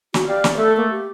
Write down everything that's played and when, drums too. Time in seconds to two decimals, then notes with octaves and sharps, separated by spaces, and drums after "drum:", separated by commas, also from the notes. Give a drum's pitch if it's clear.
0.14 F#4, drum: snare
0.27 G4 D5 F5
0.44 drum: snare
0.57 A3 A4
0.77 A#3
0.90 G4